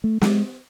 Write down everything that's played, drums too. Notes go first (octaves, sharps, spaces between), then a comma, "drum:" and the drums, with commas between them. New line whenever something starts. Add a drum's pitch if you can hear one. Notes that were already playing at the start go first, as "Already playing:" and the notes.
A3
G#3, drum: snare